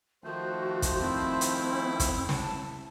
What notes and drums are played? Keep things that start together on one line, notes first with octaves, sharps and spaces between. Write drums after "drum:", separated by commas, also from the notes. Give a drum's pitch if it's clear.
D#3 F3 A3 F#4 C5
drum: kick, hi-hat
C4 E4
drum: hi-hat
drum: kick, hi-hat
A5, drum: snare